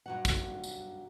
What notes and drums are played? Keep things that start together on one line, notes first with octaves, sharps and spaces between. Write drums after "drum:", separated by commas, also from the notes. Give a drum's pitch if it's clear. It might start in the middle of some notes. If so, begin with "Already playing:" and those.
G2 F#3 F#5
drum: kick, tambourine
drum: tambourine